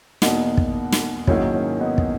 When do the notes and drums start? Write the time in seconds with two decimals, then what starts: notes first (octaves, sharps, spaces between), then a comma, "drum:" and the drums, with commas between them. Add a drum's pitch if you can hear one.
0.22 E2 B2 A#3 D#4 F#4, drum: snare
0.57 drum: kick
0.93 drum: snare
1.27 G#2 D#3 F#3 A#3 C#4 E4, drum: kick
1.54 C#4
1.80 B3 D#4
1.98 drum: kick